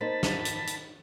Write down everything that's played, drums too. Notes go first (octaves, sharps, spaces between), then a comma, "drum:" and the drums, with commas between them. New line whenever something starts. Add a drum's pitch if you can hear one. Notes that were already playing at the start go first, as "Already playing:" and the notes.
A#3 D#4 C5 A5 B5
drum: snare
drum: hi-hat
drum: hi-hat